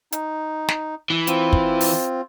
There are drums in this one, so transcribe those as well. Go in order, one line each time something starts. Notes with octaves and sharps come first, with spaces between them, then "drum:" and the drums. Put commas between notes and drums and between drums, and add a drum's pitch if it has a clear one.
D#4, drum: hi-hat
drum: snare
E3
C4 F4, drum: hi-hat
drum: kick
drum: open hi-hat